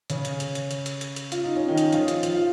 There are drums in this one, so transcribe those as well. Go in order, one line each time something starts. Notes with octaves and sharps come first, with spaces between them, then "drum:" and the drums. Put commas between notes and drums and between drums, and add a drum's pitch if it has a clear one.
C#3 C#4, drum: hi-hat
drum: hi-hat
drum: hi-hat
drum: hi-hat
drum: hi-hat
drum: hi-hat
drum: hi-hat
drum: hi-hat
F4, drum: hi-hat
D#4
C#4
D#3 D#4
drum: hi-hat
F3 F4, drum: hi-hat
drum: hi-hat
F3 F4, drum: hi-hat
F4